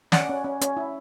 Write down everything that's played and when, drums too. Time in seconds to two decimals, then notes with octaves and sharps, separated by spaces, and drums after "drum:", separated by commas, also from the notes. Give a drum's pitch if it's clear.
0.12 C#4 D5 F#5, drum: snare
0.29 C#4
0.44 C#4
0.61 C#4, drum: hi-hat
0.77 E4